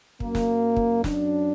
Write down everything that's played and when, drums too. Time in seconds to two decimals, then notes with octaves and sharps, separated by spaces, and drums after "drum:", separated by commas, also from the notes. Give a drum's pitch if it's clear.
0.20 F#2 F#3 A#3, drum: kick
0.35 drum: snare
0.76 drum: kick
1.04 D4, drum: snare